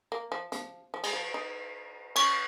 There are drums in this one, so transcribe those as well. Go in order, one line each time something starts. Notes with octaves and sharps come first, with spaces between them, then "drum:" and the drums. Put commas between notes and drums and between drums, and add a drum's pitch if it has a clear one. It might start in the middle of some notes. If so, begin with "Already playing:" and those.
A#3
F3
F3, drum: hi-hat
F3
G#3, drum: cymbal
F3
D#4
C#4 C#6, drum: cymbal